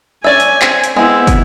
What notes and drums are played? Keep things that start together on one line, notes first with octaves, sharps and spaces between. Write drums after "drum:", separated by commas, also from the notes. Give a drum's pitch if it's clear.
C#4 D5 E5 G#5
drum: hi-hat
C4, drum: clap
drum: hi-hat
G#3 B3 C4 E4
drum: kick, hi-hat